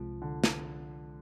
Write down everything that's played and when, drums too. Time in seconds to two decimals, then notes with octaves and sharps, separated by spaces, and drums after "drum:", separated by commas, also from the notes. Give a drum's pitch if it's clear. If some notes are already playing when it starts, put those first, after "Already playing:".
Already playing: C2 C3 F3 G#3
0.22 D3
0.44 drum: snare